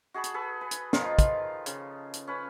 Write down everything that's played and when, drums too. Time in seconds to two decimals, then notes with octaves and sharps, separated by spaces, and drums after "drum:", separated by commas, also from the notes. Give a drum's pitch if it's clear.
0.14 F#4 G#4 A5 B5
0.24 drum: hi-hat
0.34 G#4 A4 B4
0.61 B4
0.71 drum: hi-hat
0.93 D#3 F3 D#4 F4, drum: snare
1.19 drum: kick, hi-hat
1.66 C#3, drum: hi-hat
2.14 drum: hi-hat
2.27 C#4 B4